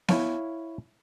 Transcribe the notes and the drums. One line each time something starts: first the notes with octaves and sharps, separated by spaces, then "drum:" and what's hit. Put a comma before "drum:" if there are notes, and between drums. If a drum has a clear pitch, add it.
E4 C#5 F5, drum: snare B3